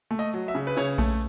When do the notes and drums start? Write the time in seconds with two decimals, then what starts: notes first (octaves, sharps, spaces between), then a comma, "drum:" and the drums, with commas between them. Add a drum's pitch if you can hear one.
0.11 A3
0.19 D#5
0.34 F#3
0.48 E5
0.55 C#3
0.67 B4
0.77 C#3 C#5, drum: cymbal
0.98 A3, drum: kick A#1